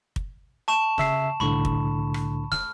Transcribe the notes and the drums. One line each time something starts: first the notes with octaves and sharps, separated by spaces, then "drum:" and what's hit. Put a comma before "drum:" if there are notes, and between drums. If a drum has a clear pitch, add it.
drum: kick
A5 C#6 E7
C#3 E5 C7, drum: snare
C2 A2 D3 B5 C#6
drum: kick
drum: rim click
F6, drum: snare